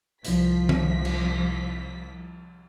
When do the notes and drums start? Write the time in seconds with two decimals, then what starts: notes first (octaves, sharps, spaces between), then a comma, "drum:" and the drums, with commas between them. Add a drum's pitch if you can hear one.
0.25 C2 F3 B6, drum: hi-hat
0.69 drum: tom D#3
1.05 drum: cymbal